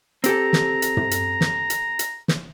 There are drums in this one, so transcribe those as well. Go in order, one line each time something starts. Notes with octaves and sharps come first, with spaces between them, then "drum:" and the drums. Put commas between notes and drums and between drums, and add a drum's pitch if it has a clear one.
C4 G4 A4 A#5, drum: hi-hat
drum: snare
drum: hi-hat
drum: tom
drum: hi-hat
drum: snare
drum: hi-hat
drum: hi-hat
drum: snare